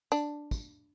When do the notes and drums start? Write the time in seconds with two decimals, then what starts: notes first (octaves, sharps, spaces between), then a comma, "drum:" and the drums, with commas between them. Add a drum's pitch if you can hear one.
0.12 D4, drum: tambourine
0.51 drum: kick, tambourine